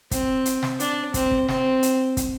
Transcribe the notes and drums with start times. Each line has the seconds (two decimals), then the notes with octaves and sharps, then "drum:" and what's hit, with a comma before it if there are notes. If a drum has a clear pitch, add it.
0.11 C4, drum: kick, hi-hat
0.46 drum: hi-hat
0.63 drum: snare
0.80 D4, drum: hi-hat
1.14 C4, drum: kick, hi-hat
1.31 drum: kick
1.49 C4, drum: snare
1.83 drum: hi-hat
2.17 drum: kick, hi-hat